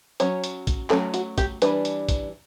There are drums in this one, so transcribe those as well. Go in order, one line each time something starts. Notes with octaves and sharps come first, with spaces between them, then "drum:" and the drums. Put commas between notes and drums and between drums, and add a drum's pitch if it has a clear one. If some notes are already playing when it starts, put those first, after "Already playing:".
F#3 C#4 C#5, drum: hi-hat
drum: hi-hat
drum: kick, hi-hat
F#3 A3 C#4 A4, drum: clap
F#4, drum: hi-hat
G4, drum: kick, hi-hat
E3 G3 D4 B4, drum: hi-hat
drum: hi-hat
drum: kick, hi-hat